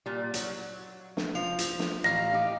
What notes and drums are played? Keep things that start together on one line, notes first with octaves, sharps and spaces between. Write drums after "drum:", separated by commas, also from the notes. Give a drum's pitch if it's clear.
A#2 G3
F#3, drum: hi-hat
drum: snare
F3 F5
drum: hi-hat
drum: snare
A1 F5 A#5 F6 A#6
D#4 G4